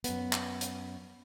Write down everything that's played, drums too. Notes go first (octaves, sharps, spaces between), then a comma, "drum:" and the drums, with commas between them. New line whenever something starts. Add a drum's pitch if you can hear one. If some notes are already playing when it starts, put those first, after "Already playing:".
F#2 B3, drum: hi-hat
drum: clap
drum: hi-hat